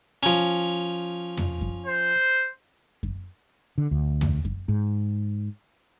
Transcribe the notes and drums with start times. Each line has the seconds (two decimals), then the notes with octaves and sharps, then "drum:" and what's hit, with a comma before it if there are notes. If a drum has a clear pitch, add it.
0.23 F3 C#4
1.37 drum: tom
1.61 drum: kick F#2
1.86 C5
3.03 drum: kick F#2
3.78 D3
3.91 D2
4.21 drum: tom
4.45 drum: kick F#2
4.68 G#2